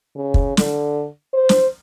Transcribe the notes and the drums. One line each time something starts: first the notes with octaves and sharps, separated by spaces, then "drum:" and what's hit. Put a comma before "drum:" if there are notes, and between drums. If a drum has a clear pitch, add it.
C#3
drum: kick
D3, drum: snare
C5
drum: snare